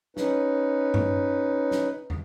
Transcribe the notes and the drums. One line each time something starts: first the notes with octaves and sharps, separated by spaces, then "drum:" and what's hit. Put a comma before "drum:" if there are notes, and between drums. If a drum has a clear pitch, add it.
C#4 D#4 B4, drum: snare
drum: tom G2
drum: snare
drum: tom